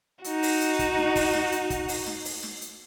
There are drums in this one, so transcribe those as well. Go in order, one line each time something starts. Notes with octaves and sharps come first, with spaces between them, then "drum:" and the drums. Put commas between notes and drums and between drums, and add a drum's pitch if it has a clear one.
D#4 F#4, drum: hi-hat
drum: open hi-hat
drum: hi-hat
drum: kick, hi-hat
drum: snare
drum: kick, open hi-hat
drum: snare
drum: hi-hat
drum: kick, hi-hat
drum: open hi-hat
drum: snare
drum: open hi-hat
drum: snare
drum: hi-hat